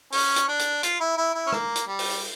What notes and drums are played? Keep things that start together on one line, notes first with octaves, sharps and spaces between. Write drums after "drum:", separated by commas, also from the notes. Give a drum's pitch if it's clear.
C#4, drum: open hi-hat
drum: hi-hat
D4
drum: hi-hat
F4, drum: hi-hat
E4
E4
E4
C#4
A#3, drum: rim click
drum: hi-hat
G3
drum: open hi-hat